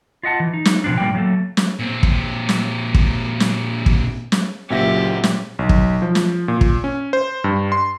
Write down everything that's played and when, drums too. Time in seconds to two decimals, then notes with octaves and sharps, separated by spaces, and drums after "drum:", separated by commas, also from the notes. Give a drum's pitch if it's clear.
0.23 F4 D#5 F#5 A5
0.40 E3
0.53 D#4
0.65 drum: snare
0.84 B2 D#3 F3 C4 D4
0.98 A2 G3 A#3 G5
1.15 F#3 A3 A#3 A4
1.57 drum: snare
1.79 A#2 C4
2.03 drum: kick
2.49 drum: snare
2.94 drum: kick
3.40 drum: snare
3.86 drum: kick
4.32 drum: snare
4.70 F#1 A#2 F#3 C4 G4 E5 A#6
5.24 drum: snare
5.59 B1
5.69 drum: kick
6.02 F3
6.15 drum: snare
6.48 A#2
6.61 drum: kick
6.84 C#4
7.13 C5
7.44 G2
7.72 C6